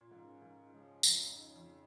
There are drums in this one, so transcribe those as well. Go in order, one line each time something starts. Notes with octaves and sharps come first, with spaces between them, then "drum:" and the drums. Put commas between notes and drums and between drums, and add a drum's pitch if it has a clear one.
A#2
G#2 D#3 G#3 C#4 F4
G#2
C#3 F3 G#3
F2, drum: tambourine
C#3 G#3 D#4
F2